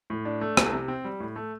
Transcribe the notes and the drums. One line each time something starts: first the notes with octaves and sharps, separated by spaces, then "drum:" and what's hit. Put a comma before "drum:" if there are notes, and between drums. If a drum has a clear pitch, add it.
A2
D4
A3
C2, drum: rim click
C3
C4
G3
A2
A3